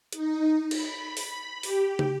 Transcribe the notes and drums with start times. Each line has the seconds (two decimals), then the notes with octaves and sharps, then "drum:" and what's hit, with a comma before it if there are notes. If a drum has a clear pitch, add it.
0.13 D#4, drum: hi-hat
0.71 B5, drum: cymbal
1.17 drum: open hi-hat
1.63 G4, drum: open hi-hat
1.99 drum: tom